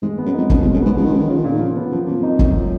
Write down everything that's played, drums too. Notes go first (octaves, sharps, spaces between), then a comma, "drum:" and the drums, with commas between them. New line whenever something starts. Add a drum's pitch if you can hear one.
G#2 G#3
B3
F#2
F2 D#4
F#2 B2, drum: kick
F2
G#3
F#2
G#2 B3
C#3 F3
D#3
C#3 B3
D#3
C#3 F4
D#3
A#2 C#3
D#3
C#3 F3
B3
F#2 F3
F#2 A#3
F2
D#4
F#2, drum: kick
F3